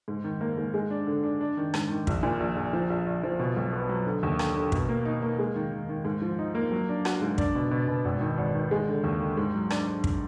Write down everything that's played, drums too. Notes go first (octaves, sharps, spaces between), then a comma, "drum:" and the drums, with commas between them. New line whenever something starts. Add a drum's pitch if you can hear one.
G#2
D#3
A#3
G#2
G#3
D4
D3
D4
D4
D#3
G#2, drum: rim click
D#3
A#1, drum: kick
A#2
A#1
A#1
F3
A#1
A#1
F3
B2
B1
B3
F#3
D3
D#2
D3, drum: rim click
D3
B2, drum: kick
A#3
D#4
A#3
G#3
D#3
D#3
D#3
G#2
F3
D#4
A#3
F#3
D4
F#4, drum: rim click
G#2
D4, drum: kick
B2
B2
B2
G#1
D#3
G#1
D#3
G#3
D3
D#2
D3
G#2
F#3
D4, drum: rim click
D4
drum: kick